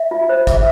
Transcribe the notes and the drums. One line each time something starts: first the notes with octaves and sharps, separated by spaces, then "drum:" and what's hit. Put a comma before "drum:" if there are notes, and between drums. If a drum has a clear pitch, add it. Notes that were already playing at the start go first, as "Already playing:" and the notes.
Already playing: E5
F4
C5
G#4 E5, drum: kick, hi-hat